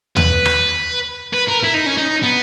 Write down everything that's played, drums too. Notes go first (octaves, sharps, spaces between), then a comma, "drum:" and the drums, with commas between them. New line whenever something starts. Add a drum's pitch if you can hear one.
B4, drum: tom D#2
drum: rim click
B4
A#4
E4
D#4
C#4
D#4
B3